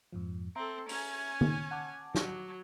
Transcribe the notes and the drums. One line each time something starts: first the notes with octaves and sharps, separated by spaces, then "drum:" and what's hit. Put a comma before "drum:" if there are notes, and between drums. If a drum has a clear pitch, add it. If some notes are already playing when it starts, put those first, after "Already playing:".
F2 G#2 F3
C4 A4 E5 A#5
C#4 G#5, drum: open hi-hat
drum: tom
F#5 A5 D6
F#3, drum: snare